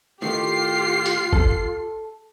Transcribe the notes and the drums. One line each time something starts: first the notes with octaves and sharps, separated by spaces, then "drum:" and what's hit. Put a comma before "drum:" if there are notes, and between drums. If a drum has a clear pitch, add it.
A2 D#3 A3 F4 G4 C7
drum: hi-hat
A4, drum: kick